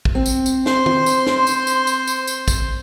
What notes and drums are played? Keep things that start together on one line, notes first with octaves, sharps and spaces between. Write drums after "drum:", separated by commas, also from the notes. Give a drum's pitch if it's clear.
drum: kick
C4
drum: tambourine
drum: tambourine
C5 C6, drum: snare
drum: tom
drum: tambourine
drum: snare
drum: tambourine
drum: tambourine
drum: tambourine
drum: tambourine
drum: tambourine
drum: kick, tambourine